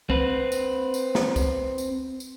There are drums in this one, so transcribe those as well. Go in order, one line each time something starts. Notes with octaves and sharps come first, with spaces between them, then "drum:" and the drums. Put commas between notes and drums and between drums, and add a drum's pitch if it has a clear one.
C4 B4, drum: kick
drum: tambourine
drum: tambourine
drum: snare
drum: kick, tambourine
drum: tambourine
drum: tambourine